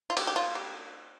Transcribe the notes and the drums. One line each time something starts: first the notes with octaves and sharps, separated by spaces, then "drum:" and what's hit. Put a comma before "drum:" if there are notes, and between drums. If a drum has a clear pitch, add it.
F4
G4, drum: cymbal
G4
F4
G4